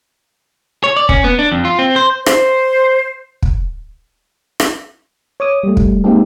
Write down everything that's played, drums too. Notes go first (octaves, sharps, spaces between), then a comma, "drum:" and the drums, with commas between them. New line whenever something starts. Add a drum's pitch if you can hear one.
C#5
D5
C#4, drum: kick
B3
D4
F2
F4
C4
C5
C5, drum: rim click
drum: kick
drum: rim click
C#5 D6 D#6
G3 A3
drum: kick
G#3 A#3 C4 D#4 G4 A4